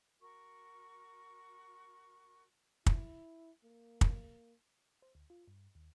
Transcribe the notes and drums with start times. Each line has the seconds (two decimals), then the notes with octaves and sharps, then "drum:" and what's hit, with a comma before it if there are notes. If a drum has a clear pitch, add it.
0.21 F#4 A#4 C#6
2.86 E4, drum: kick
3.64 A#3
4.01 drum: kick
5.02 C5
5.15 D2
5.30 F4
5.48 G2
5.75 D#2